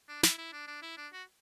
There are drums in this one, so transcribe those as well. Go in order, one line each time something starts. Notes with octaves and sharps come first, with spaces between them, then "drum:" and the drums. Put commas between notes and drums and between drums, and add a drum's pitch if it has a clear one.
D4
E4, drum: snare
E4
D4
D4
E4
D4
F#4